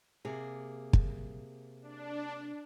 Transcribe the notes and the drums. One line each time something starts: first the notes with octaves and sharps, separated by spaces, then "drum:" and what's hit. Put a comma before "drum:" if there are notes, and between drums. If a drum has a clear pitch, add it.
C3 A#3 G#4
drum: kick
D4